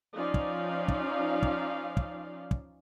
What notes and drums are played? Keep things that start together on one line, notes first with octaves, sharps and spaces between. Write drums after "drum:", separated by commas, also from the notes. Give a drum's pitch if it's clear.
F3 C#4 D#4 D5 F5
drum: kick
drum: kick
drum: kick
drum: kick
drum: kick